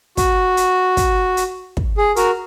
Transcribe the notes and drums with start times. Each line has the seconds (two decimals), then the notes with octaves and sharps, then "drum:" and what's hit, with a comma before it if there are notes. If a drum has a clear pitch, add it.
0.17 F#4, drum: kick, hi-hat
0.57 drum: hi-hat
0.97 drum: kick, hi-hat
1.37 drum: hi-hat
1.77 drum: kick
1.97 G#4
2.16 F#4 A#4, drum: hi-hat